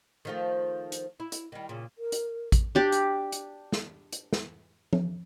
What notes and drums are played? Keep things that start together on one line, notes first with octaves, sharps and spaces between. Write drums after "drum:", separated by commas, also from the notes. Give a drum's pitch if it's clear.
D#3 F3 A3
drum: hi-hat
E4
drum: hi-hat
D#3 G3
A#2 C#3
A#4
drum: hi-hat
drum: kick A1, hi-hat
D4 G4 D5
drum: hi-hat
drum: hi-hat
drum: snare
drum: hi-hat
drum: snare
drum: tom F3